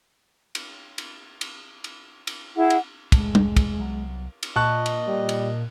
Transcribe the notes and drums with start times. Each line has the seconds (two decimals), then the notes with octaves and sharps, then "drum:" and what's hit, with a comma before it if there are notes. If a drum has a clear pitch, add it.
0.55 drum: cymbal
0.98 drum: cymbal
1.41 drum: cymbal
1.84 drum: cymbal
2.27 drum: cymbal
2.57 E4 G#4 F#5
2.70 drum: cymbal
3.12 E1 C2 A2 G#3, drum: kick, cymbal
3.35 drum: tom
3.56 drum: kick, cymbal
3.78 C2 F#3 B3
4.43 drum: cymbal
4.56 A#2 D#5 A5 C#6 F#6
4.86 drum: cymbal
5.07 G3
5.29 drum: cymbal